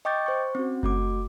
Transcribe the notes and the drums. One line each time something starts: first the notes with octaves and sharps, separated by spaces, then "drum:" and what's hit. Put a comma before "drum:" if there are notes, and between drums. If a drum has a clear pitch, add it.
D#5 G5 C#6 D6 G6 A6
C5 C#6
C4 C#4 F#4
A3 F#4 D6, drum: kick F#1